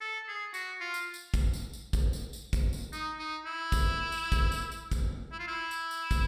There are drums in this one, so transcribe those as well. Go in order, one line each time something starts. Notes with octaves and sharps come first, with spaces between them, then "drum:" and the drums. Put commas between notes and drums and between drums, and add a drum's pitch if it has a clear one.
A4
G#4
F#4, drum: tambourine
F4
drum: tambourine
drum: tambourine
drum: kick, tambourine
drum: tambourine
drum: tambourine
drum: kick, tambourine
drum: tambourine
drum: tambourine
drum: kick, tambourine
drum: tambourine
D#4, drum: tambourine
D#4
E4
drum: kick, tambourine
drum: tambourine
drum: kick, tambourine
drum: tambourine
drum: tambourine
drum: kick, tambourine
E4
F4
E4
drum: tambourine
drum: tambourine
drum: kick, tambourine